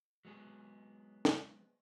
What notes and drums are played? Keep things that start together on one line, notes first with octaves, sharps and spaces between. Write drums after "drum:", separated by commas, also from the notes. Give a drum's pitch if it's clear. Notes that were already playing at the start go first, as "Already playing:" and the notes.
F#3 G#3 B3 G#4
drum: snare